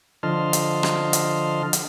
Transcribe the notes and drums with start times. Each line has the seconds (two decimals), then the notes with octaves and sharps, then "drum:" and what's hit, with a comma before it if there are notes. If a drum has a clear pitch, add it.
0.23 D3 F3 D#5 A5 C6 F6
0.53 drum: hi-hat
0.83 drum: rim click
1.13 drum: hi-hat
1.73 drum: hi-hat